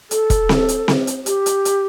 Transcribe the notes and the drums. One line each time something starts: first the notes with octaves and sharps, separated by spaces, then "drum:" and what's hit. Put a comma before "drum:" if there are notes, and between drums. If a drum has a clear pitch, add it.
A4, drum: hi-hat
drum: kick E1, hi-hat
drum: snare C4
drum: hi-hat
drum: snare C4
drum: hi-hat
G4, drum: hi-hat
drum: hi-hat
drum: hi-hat